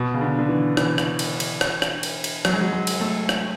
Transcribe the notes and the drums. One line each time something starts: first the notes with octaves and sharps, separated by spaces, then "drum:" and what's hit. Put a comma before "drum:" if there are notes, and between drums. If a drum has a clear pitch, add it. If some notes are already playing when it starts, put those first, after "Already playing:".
Already playing: B2
C#3
D3
D3
E3
E3, drum: rim click
drum: rim click
drum: cymbal
drum: cymbal
drum: rim click
drum: rim click
drum: cymbal
drum: cymbal
F#3, drum: rim click
G#3
F#3
G#3
drum: cymbal
A3
drum: rim click